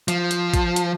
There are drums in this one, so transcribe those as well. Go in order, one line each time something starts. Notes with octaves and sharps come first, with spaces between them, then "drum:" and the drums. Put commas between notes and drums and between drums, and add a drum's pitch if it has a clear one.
F3, drum: hi-hat
drum: hi-hat
drum: kick A1, hi-hat
drum: hi-hat